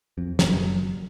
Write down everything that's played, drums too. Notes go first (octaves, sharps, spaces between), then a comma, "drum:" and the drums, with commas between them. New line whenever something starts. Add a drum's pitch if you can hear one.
F2
F#1 F#2, drum: snare